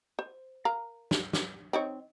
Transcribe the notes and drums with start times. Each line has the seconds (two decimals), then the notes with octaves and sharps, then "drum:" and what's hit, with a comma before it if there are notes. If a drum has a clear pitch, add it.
0.19 C5
0.65 A#4 F5 A#5
1.11 drum: snare
1.33 drum: snare
1.73 C4 D#4 C#5